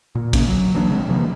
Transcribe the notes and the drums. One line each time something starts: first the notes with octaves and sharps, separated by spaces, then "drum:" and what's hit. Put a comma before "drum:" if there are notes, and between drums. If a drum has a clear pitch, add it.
A#2
C#3 A#3 C#4, drum: kick, cymbal
F#3
E3 F#3 A#3 D4
C#3 G#3 C4
C3 E3 F3 A#3